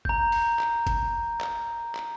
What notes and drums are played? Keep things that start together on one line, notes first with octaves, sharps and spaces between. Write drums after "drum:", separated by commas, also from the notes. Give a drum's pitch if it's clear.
A#5 G6, drum: kick G1
drum: open hi-hat
drum: clap
drum: kick G1, hi-hat
drum: clap
drum: clap